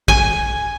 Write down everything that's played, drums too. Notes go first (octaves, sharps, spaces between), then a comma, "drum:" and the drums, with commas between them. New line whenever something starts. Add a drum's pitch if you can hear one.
G#5, drum: kick